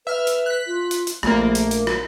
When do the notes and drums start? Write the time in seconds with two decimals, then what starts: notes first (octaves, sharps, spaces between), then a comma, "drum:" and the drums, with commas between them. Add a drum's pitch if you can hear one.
0.07 B4 E5 F6
0.27 drum: hi-hat
0.46 F#6 B6
0.67 F4
0.91 drum: hi-hat
1.07 drum: hi-hat
1.23 A#1 A3 A#3, drum: rim click
1.55 drum: hi-hat
1.71 drum: hi-hat
1.87 drum: rim click